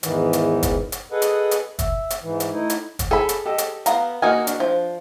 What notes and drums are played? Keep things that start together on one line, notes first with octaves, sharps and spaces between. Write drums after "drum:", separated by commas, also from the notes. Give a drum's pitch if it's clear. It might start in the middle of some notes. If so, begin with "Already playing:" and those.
E2 G#2 D#3 E3, drum: hi-hat
drum: hi-hat
drum: kick, hi-hat
drum: hi-hat
G#4 A4 B4 D#5 F#5
drum: hi-hat
drum: hi-hat
E5, drum: kick, hi-hat
drum: hi-hat
G#2 E3
drum: hi-hat
A3 D#4 E4
drum: hi-hat
drum: kick, hi-hat
G#4 A4 B5
drum: hi-hat
G4 A4 D#5
drum: hi-hat
B3 F5 A#5, drum: hi-hat
A#3 D#4 F#4 G#5 D#6 F6
D4, drum: hi-hat
F3